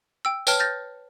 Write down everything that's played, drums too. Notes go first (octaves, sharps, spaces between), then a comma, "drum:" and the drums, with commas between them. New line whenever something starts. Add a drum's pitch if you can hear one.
G5 E6
B4 C#5 G5 A5 F6 G7, drum: tambourine
F6 G6 A6 A#6